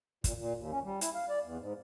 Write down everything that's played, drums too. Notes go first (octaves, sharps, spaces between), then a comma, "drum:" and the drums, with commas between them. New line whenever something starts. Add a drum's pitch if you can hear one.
A#2, drum: kick, hi-hat
A#2
D#2
C#4
G3
E4, drum: hi-hat
F5
D5
E2
G#2